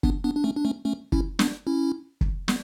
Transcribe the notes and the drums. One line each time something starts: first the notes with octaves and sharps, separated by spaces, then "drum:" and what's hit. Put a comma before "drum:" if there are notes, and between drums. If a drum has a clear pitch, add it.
B3 D4, drum: kick
B3 D4
D4
A3 C#4
D4
A3 C#4
A3 C#4
C#4 E4, drum: kick
B3 D4, drum: snare
C#4 E4
drum: kick
B3, drum: snare